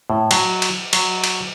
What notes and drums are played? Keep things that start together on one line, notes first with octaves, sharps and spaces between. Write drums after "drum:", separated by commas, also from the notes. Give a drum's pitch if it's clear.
A2
F#3, drum: cymbal
drum: cymbal
F#3, drum: cymbal
drum: cymbal